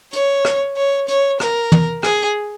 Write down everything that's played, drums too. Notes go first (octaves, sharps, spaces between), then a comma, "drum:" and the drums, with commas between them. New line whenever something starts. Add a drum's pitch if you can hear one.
C#5, drum: hi-hat
drum: rim click
C#5
C#5, drum: hi-hat
A#4, drum: rim click
drum: tom
G#4, drum: rim click